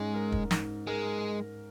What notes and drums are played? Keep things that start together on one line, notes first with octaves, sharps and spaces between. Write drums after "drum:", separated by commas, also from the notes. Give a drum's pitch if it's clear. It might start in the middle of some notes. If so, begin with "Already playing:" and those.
Already playing: G#2 G#3 C#4
A#4
drum: kick
G#2, drum: snare
G#3 A#4